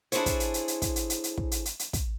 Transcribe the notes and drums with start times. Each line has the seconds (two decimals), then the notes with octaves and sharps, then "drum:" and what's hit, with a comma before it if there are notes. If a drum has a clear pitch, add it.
0.12 D4 E4 G#4 A4 C5 C#5, drum: hi-hat
0.26 drum: kick, hi-hat
0.40 drum: hi-hat
0.54 drum: hi-hat
0.68 drum: hi-hat
0.82 drum: kick, hi-hat
0.96 drum: hi-hat
1.10 drum: hi-hat
1.24 drum: hi-hat
1.38 drum: kick
1.51 drum: hi-hat
1.65 drum: hi-hat
1.79 drum: hi-hat
1.93 drum: kick, hi-hat